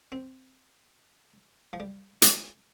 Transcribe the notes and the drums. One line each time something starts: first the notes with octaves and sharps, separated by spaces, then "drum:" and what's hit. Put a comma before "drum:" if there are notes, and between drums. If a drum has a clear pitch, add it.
C4
F3
G3
G#3, drum: hi-hat